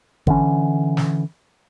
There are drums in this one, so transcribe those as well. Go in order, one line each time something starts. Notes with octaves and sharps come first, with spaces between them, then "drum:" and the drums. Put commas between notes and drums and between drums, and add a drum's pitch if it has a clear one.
D3 E3 C#4, drum: kick
drum: snare